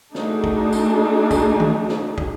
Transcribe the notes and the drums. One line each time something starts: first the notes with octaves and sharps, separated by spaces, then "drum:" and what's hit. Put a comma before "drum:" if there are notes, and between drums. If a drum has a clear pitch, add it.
A3 D4 D#4 F#4 G#4, drum: snare
drum: kick
drum: tambourine
drum: kick, tambourine
drum: tom D#3
drum: snare
drum: kick